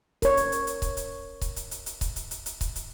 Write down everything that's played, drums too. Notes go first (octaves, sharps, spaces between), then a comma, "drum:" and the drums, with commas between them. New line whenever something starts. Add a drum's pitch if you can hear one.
A#4 C#5, drum: kick C#1, hi-hat
drum: hi-hat
drum: hi-hat
drum: hi-hat
drum: kick C#1, hi-hat
drum: hi-hat
drum: kick C#1, hi-hat
drum: hi-hat
drum: hi-hat
drum: hi-hat
drum: kick C#1, hi-hat
drum: hi-hat
drum: hi-hat
drum: hi-hat
drum: kick C#1, hi-hat
drum: hi-hat